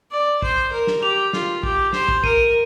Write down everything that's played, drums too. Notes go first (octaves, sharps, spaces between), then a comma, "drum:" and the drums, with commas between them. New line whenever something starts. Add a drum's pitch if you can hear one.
D5
C5, drum: kick
A#4
drum: snare
G4 F7
F4, drum: snare
G4, drum: kick
C5, drum: snare
drum: kick
A#4 D#7, drum: kick